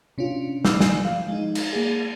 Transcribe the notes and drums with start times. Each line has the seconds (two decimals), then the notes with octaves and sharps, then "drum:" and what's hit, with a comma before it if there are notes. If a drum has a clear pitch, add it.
0.18 C3 C#4 D4 F4
0.65 B5 D6 E6 F6 G6 C7, drum: snare
0.80 G#5, drum: snare
1.04 F3 F5
1.28 G#3 D#4
1.55 drum: cymbal
1.73 A#3 G#4